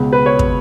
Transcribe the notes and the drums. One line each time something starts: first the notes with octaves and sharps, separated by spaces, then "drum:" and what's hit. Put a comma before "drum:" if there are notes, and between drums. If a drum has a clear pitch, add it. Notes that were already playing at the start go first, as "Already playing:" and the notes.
Already playing: C#2 B2
B4
C#5
drum: kick